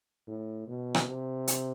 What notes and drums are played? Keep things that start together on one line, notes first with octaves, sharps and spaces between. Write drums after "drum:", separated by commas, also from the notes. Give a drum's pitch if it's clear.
A2
B2
drum: rim click
C3
drum: hi-hat